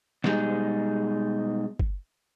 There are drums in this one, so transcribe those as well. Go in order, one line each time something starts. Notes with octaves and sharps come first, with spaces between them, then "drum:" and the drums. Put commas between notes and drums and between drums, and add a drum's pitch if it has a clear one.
B2 G3 G#3 D#4 G#4, drum: snare
drum: kick